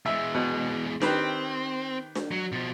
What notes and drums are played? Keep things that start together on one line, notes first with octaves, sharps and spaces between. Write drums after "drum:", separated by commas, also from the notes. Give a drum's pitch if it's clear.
E2 G#3 E5
B2
D#3 C4 G4 B4, drum: snare D4
drum: snare D4
F#3
B2 F3